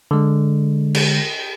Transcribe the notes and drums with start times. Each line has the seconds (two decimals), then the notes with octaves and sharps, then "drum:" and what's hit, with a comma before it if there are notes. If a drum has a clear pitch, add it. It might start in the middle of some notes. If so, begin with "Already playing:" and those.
0.11 D3 G#3
0.95 drum: cymbal